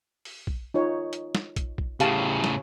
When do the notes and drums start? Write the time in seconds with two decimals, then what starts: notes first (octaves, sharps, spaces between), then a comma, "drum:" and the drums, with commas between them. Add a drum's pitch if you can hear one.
0.25 drum: open hi-hat
0.47 drum: kick
0.74 D#4 F4 C#5
1.13 drum: hi-hat
1.35 drum: snare
1.56 drum: kick, hi-hat
1.78 drum: kick
2.00 A2 C#3 G4 F5 A5, drum: hi-hat
2.44 drum: snare